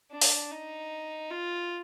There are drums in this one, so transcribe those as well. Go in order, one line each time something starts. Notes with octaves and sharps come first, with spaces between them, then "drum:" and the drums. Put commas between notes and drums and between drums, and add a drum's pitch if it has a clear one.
D4
drum: open hi-hat
D#4
F4